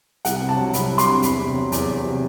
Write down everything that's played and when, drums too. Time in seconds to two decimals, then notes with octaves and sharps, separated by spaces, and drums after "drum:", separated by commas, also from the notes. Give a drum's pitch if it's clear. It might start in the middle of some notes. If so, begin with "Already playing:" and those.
0.25 C2 F#5, drum: hi-hat
0.41 C3
0.49 A5
0.57 F#3
0.73 C2 B5, drum: hi-hat
0.90 C2
0.98 C6, drum: hi-hat
1.06 C3
1.22 E2 B5, drum: hi-hat
1.39 C3
1.55 F#3
1.72 E2, drum: hi-hat
1.87 E2
2.03 C3